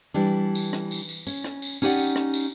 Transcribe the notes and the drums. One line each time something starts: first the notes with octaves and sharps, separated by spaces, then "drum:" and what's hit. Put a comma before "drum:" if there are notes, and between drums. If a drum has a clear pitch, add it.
E3 G3 D4
drum: tambourine
drum: rim click
drum: tambourine
drum: tambourine
C#4, drum: tambourine
drum: rim click
drum: tambourine
C#4 D#4 G4 C5 D5 F#5, drum: tambourine
drum: tambourine
drum: rim click
drum: tambourine